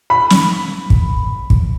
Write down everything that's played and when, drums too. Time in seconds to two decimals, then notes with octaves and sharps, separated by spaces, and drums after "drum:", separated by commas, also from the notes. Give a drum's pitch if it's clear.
0.10 B5
0.30 drum: snare
0.90 drum: kick
1.50 drum: kick